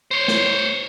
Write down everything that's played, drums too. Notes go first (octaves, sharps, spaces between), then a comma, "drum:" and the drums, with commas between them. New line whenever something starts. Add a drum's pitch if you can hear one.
C5 C#5
drum: snare